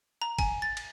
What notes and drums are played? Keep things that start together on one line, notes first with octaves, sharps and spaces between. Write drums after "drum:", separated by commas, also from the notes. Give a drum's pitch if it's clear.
A#5
G#5, drum: kick, cymbal
A6
drum: cymbal